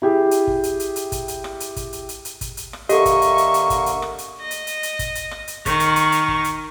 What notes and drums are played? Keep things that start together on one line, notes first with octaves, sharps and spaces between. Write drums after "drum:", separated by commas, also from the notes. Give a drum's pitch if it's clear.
E4 G4 G#4
drum: hi-hat
drum: kick
drum: hi-hat
drum: hi-hat
drum: hi-hat
drum: kick, hi-hat
drum: hi-hat
drum: rim click
drum: hi-hat
drum: kick, hi-hat
drum: hi-hat
drum: hi-hat
drum: hi-hat
drum: kick, hi-hat
drum: hi-hat
drum: rim click
D3 A#3 G4 A4 D#5 E5 C#6, drum: hi-hat
drum: kick, hi-hat
drum: hi-hat
drum: hi-hat
drum: hi-hat
drum: kick, hi-hat
drum: hi-hat
drum: rim click
drum: hi-hat
D#5
drum: hi-hat
drum: hi-hat
drum: hi-hat
drum: kick, hi-hat
drum: hi-hat
drum: rim click
drum: hi-hat
D#3 C#6, drum: kick, hi-hat
drum: hi-hat
drum: hi-hat
drum: hi-hat
drum: kick
drum: hi-hat